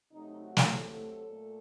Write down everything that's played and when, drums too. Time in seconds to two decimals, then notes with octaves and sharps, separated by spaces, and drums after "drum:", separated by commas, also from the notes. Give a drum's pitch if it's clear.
0.11 C3 F#3 A3 D#4
0.40 F#4
0.57 drum: snare
0.69 A4
1.27 A#2 A3